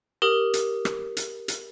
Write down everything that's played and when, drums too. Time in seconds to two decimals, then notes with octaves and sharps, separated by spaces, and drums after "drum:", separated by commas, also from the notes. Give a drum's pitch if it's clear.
0.22 G4 A#4 D#6 F#7 G7
0.53 drum: hi-hat
0.85 drum: rim click
1.17 drum: hi-hat
1.48 drum: hi-hat